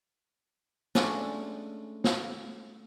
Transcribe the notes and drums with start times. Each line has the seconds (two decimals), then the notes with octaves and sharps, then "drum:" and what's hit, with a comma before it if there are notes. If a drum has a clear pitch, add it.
0.95 G#3 A3 C#4 D4, drum: snare
2.04 drum: snare